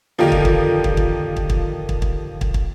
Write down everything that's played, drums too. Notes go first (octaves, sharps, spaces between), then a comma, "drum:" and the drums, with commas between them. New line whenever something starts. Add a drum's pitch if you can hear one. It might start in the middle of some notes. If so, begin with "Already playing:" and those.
F2 D3 D#3 F3 A#3 G4
drum: kick
drum: kick
drum: kick
drum: kick
drum: kick
drum: kick
drum: kick
drum: kick
drum: kick
drum: kick